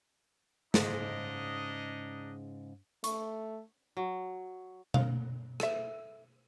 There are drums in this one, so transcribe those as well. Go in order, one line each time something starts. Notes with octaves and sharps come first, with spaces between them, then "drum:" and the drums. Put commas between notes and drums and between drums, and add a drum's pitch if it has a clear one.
G#2 C#3 D4 D#4 D#5, drum: snare
A3 C#6, drum: hi-hat
F#3
F5, drum: tom B2
A4 E5, drum: rim click